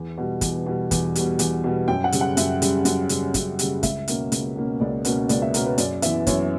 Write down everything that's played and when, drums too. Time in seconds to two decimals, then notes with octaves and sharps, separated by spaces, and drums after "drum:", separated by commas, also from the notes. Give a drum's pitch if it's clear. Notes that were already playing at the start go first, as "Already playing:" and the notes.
Already playing: E2
0.18 B2 G3
0.41 E2, drum: kick, hi-hat
0.66 B2 G3
0.91 E2, drum: kick, hi-hat
1.15 B2 G3, drum: hi-hat
1.39 E2, drum: hi-hat
1.64 B2 G3
1.88 F#2 G5
2.04 F#5
2.12 C#3 G3, drum: hi-hat
2.21 F#5
2.37 F#2 E5, drum: hi-hat
2.62 C#3 G3, drum: hi-hat
2.85 F#2, drum: hi-hat
3.09 C#3 G3, drum: hi-hat
3.34 F#2, drum: kick, hi-hat
3.59 C#3 G3, drum: hi-hat
3.83 C#2 E5, drum: kick, hi-hat
4.08 B2 A#3 C#4, drum: hi-hat
4.32 C#2, drum: hi-hat
4.56 B2 A#3 C#4
4.80 C#2 D5
5.05 B2 A#3 C#4 B4, drum: hi-hat
5.29 C#2 D5, drum: hi-hat
5.42 E5
5.54 B2 A#3 C#4 A#4, drum: hi-hat
5.66 B4
5.78 F#2 D5, drum: hi-hat
6.02 E3 B3 E5, drum: hi-hat
6.27 F#2 C#5, drum: kick, hi-hat